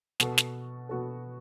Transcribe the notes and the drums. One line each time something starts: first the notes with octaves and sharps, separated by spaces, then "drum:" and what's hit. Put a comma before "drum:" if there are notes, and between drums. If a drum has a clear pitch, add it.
B2 B3 F#4 A4, drum: snare
drum: snare
B2 B3 F#4 A4